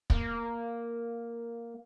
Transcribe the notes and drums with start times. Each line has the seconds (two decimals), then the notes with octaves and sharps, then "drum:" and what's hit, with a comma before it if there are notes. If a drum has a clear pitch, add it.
0.10 A#3, drum: kick